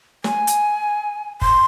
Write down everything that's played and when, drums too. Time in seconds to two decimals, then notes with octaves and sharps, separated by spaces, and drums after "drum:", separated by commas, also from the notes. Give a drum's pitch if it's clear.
0.24 G#5, drum: snare
0.47 drum: hi-hat
1.42 C6, drum: kick